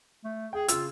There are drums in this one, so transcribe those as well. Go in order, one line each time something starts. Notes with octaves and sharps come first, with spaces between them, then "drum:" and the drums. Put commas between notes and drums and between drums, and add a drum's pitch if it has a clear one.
A3
G#4 G5
C#3 F4 E6, drum: hi-hat